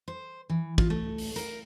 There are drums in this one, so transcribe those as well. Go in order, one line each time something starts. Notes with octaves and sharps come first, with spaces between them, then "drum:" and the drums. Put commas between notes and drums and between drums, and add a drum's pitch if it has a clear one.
C5
E3
F4, drum: kick
A3
drum: open hi-hat
A#4, drum: hi-hat